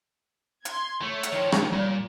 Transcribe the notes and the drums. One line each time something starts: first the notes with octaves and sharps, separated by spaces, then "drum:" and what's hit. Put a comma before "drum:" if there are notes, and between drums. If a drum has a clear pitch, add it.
C6 G#6, drum: hi-hat
A3 C#5
drum: hi-hat
D#3 F3
drum: rim click
A#2 G3